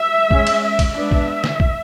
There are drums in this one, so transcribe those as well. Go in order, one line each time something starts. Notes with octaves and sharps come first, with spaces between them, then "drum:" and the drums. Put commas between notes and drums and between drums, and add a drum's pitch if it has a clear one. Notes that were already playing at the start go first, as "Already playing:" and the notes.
Already playing: E5
G#3 C#4, drum: kick
drum: cymbal
E5
drum: kick, cymbal
G#3 B3 D4 E5
drum: kick
drum: snare
drum: kick